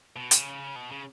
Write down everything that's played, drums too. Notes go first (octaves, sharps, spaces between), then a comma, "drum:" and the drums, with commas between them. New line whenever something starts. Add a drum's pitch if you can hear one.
B2
C#3, drum: hi-hat
B2
C#3